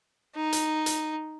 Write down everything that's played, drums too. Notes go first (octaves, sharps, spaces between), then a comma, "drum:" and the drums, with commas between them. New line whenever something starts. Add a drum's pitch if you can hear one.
D#4
drum: hi-hat
drum: hi-hat